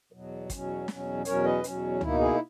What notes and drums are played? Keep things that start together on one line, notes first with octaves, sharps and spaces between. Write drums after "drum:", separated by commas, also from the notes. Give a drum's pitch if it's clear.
E2 B2 F#3
E2 B2 F#3 C#4, drum: kick, hi-hat
E2 B2 F#3 C#4, drum: snare
E2 B2 F#3 C#4 A#4 C#5, drum: hi-hat
B4 D#5
E2 B2 F#3 C#4, drum: hi-hat
B2 A#3 D#4 E4, drum: tom C#2
E4 G#4